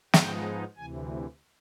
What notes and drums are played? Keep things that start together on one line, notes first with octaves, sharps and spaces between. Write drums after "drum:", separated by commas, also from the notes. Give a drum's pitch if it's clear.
G#2 F3 G#3 B3 D#4 G5, drum: snare
D2 C3 E3 G#5